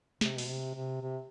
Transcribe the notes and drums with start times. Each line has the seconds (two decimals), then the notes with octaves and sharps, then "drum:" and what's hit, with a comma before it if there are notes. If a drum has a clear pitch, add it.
0.21 C3, drum: snare
0.38 B2, drum: open hi-hat
0.48 C3
0.75 C3
1.01 C3